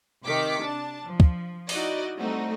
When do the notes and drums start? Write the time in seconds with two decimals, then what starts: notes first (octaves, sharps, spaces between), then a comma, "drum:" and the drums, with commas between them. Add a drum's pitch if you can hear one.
0.24 C3 D#3 G5 D6 B6 C#7
0.62 D4 A5
1.03 F3
1.20 drum: kick
1.69 D#4 E4 F#4 D5 D#5, drum: open hi-hat
2.18 G3 A3 C4 D#4 F#4